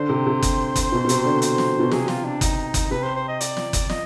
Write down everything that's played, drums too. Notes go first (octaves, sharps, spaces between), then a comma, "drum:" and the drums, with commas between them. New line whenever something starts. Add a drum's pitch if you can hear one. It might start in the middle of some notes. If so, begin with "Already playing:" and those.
Already playing: D3 C5
C3
C3
drum: kick F#1, hi-hat
drum: kick F#1, hi-hat
B2
B2
C3, drum: hi-hat
D3
C5, drum: hi-hat
drum: snare
B2
C3 G#4, drum: snare
F4, drum: snare
D4
D#4, drum: kick F#1, hi-hat
drum: kick F#1, hi-hat
C3 B4
C5
C5
D#5
D5, drum: hi-hat
drum: snare
drum: kick F#1, hi-hat
D#5, drum: snare